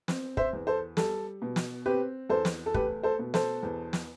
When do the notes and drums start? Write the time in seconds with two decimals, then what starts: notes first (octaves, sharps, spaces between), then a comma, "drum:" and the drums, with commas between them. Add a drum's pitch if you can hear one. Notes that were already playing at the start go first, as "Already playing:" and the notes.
0.08 C4, drum: snare
0.37 C5 E5, drum: kick
0.53 E2
0.67 A4 C5
0.97 G3 A4, drum: snare
1.42 B2
1.56 drum: snare
1.86 C4 G4 B4
2.29 E2 A4 C5
2.45 drum: snare
2.66 A4
2.74 A3 G4 B4, drum: kick
3.03 A4 C5
3.19 B2
3.34 A4 C5, drum: snare
3.63 E2
3.93 drum: snare